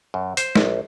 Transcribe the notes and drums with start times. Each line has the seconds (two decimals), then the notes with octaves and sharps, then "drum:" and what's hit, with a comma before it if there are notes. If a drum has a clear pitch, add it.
0.14 F#2
0.37 C5, drum: hi-hat
0.55 A#1, drum: snare